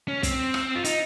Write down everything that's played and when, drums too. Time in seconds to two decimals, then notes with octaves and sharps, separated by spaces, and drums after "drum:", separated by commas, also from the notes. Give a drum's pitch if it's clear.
0.08 C#4
0.23 C4, drum: kick, hi-hat
0.54 drum: rim click
0.75 F4
0.84 D#4, drum: hi-hat